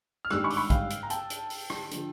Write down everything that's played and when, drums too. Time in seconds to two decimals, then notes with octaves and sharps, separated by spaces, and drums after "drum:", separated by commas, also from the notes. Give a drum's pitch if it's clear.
0.25 F6
0.30 G#1 G2 D#3 G3 E6 F#6, drum: rim click
0.44 B5 C#6
0.50 D6, drum: open hi-hat
0.57 B5 C#6
0.70 F5 G5, drum: kick, hi-hat
0.90 drum: hi-hat
1.03 A#5
1.10 G5 A5, drum: hi-hat
1.30 drum: hi-hat
1.50 drum: open hi-hat
1.70 drum: rim click
1.91 D3 F3, drum: hi-hat